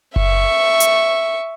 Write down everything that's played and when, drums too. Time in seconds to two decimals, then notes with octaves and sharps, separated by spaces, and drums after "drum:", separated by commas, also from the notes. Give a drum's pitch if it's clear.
0.16 E5 C#6, drum: kick F#1
0.80 drum: hi-hat